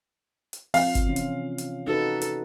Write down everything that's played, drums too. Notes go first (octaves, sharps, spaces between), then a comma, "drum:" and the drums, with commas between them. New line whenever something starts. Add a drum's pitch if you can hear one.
drum: hi-hat
F3 C4 F5, drum: open hi-hat
drum: kick G1, hi-hat
C3 E3 C#4
drum: hi-hat
drum: hi-hat
D#4 F#4 A4 B4
drum: hi-hat